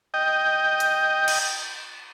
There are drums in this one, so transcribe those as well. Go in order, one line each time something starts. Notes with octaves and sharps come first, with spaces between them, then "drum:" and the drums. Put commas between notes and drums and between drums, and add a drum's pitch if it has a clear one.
D#5 G5
drum: hi-hat
drum: cymbal